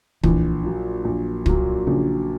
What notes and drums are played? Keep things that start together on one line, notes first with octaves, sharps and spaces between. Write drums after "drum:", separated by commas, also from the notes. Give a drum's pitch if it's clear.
A#1 E3, drum: kick
A#2 F#3
A#1
A#2 F#3, drum: kick
A#1 C#3